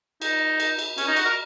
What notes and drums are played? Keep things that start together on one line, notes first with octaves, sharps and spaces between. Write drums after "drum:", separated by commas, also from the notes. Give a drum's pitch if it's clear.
D#4, drum: cymbal
drum: cymbal
drum: cymbal
C#4, drum: cymbal
D#4
F#4, drum: cymbal
A#4